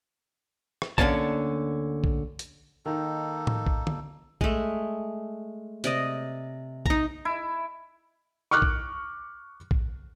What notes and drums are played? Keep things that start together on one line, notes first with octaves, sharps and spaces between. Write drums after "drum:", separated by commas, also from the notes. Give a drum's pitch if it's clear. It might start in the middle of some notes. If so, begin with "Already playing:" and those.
drum: rim click
D2 D3 E3 A#3 C#4 A5, drum: kick A#1
drum: kick A#1
drum: hi-hat
D#3 A#3 D#4 A4
drum: tom A2
drum: kick A#1
drum: tom D3
G#3 A3, drum: kick A#1
C3 D5 D#5, drum: hi-hat
D#4 A#5, drum: kick A#1
E4
C#6 D6 F6 F#6
drum: kick A#1
drum: kick A#1